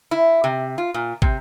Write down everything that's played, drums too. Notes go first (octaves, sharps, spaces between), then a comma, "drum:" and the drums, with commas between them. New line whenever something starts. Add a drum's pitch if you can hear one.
E4
C3
F4
A#2
C3, drum: kick